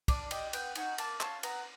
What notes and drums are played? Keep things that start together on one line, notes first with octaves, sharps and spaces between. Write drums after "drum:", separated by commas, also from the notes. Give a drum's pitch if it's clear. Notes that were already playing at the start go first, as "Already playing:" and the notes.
D4 D5, drum: kick, cymbal
G4 D#5, drum: cymbal
B3 G5, drum: cymbal
D#4 F#4 G#5, drum: cymbal
A#3 A5, drum: cymbal
C#4 F4 A5, drum: clap
B3 A#5, drum: cymbal